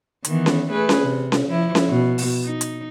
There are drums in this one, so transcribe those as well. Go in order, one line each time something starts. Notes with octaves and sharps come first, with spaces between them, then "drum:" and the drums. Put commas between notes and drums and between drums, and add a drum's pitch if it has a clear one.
D#3 E3 B3, drum: hi-hat
drum: snare C#4
A3 G#4 B4
drum: snare C#4
C3
drum: snare C#4
F3 E4
drum: snare C#4
B2
drum: open hi-hat
D#4
drum: hi-hat